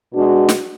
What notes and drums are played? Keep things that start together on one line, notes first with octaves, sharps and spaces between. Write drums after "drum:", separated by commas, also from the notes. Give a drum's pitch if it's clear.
B2 G#3 D4 F#4
drum: snare